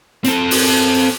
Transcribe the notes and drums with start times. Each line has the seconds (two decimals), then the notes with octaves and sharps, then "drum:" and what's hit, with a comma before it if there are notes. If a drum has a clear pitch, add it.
0.24 C4 A4, drum: hi-hat
0.51 drum: open hi-hat